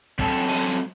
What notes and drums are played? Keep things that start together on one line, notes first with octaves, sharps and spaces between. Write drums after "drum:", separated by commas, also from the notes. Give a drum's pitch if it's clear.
F#3 C4 C#4 A4 A5, drum: kick
drum: open hi-hat